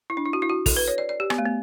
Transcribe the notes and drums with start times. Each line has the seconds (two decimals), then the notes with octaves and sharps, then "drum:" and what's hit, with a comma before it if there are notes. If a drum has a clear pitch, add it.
0.10 E4
0.17 D4
0.25 E4
0.33 F#4
0.42 E4
0.49 F#4
0.66 A4, drum: kick, open hi-hat
0.77 B4
0.88 C#5
0.98 D5
1.09 D5
1.20 G4
1.30 B3, drum: rim click
1.38 A3
1.46 B3